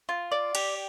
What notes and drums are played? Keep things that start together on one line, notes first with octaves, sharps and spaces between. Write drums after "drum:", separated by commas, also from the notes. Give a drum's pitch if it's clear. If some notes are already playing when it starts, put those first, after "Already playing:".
F4
D5
G4, drum: cymbal